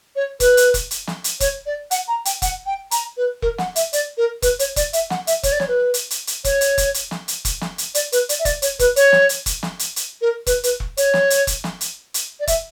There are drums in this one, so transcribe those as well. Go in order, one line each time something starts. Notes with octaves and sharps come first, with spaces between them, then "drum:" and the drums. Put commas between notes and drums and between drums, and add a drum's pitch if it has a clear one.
C#5
B4, drum: kick E1, hi-hat
drum: hi-hat
drum: kick E1, hi-hat
drum: hi-hat
drum: snare
drum: hi-hat
C#5, drum: kick E1, hi-hat
D5
F#5, drum: hi-hat
A#5
G5, drum: hi-hat
F#5, drum: kick E1, hi-hat
G5
A#5, drum: hi-hat
B4
A#4, drum: kick E1
F#5, drum: snare
E5, drum: hi-hat
D5, drum: hi-hat
A#4
B4, drum: kick E1, hi-hat
C#5, drum: hi-hat
D5, drum: kick E1, hi-hat
E5, drum: hi-hat
F#5, drum: snare
E5, drum: hi-hat
C#5, drum: kick E1, hi-hat
D5
C#5, drum: snare
B4
drum: hi-hat
drum: hi-hat
drum: hi-hat
C#5, drum: kick E1, hi-hat
drum: hi-hat
drum: kick E1, hi-hat
drum: hi-hat
drum: snare
drum: hi-hat
drum: kick E1, hi-hat
drum: snare
drum: hi-hat
D5, drum: hi-hat
B4, drum: hi-hat
D5, drum: hi-hat
E5
D5, drum: kick E1, hi-hat
C#5, drum: hi-hat
B4, drum: kick E1, hi-hat
C#5, drum: hi-hat
drum: snare
drum: hi-hat
drum: kick E1, hi-hat
drum: snare
drum: hi-hat
drum: hi-hat
A#4
B4, drum: kick E1, hi-hat
B4, drum: hi-hat
drum: kick E1
C#5, drum: hi-hat
drum: snare
drum: hi-hat
drum: kick E1, hi-hat
drum: snare
drum: hi-hat
drum: hi-hat
D5
E5, drum: kick E1, hi-hat